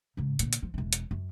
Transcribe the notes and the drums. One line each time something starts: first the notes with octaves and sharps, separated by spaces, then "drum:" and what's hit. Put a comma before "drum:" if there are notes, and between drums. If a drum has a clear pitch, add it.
G#2 C#3
A#2 D3, drum: hi-hat
drum: hi-hat
F3
E1 E3
drum: hi-hat
F#2